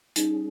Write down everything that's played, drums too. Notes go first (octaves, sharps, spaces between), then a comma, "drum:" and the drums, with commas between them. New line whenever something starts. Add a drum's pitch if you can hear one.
G3 C#4 D#4 G#4, drum: hi-hat